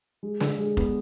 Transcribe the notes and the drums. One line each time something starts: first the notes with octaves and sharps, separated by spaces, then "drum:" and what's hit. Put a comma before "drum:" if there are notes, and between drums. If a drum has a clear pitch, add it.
G#3
D3, drum: snare
G#3
B3, drum: kick F1